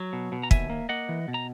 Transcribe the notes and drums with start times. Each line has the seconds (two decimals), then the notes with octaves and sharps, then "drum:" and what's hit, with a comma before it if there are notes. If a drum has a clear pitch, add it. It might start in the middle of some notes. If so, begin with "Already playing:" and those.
Already playing: F#3
0.13 B2
0.32 B2
0.43 A#5
0.51 D#2 E5 G#5, drum: kick
0.70 A#3
0.89 A#3 D#5 F#5
1.09 E3
1.28 B2
1.34 A#5